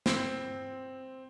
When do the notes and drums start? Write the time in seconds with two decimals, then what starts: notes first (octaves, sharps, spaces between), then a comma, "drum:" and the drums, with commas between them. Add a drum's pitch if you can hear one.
0.06 C4, drum: snare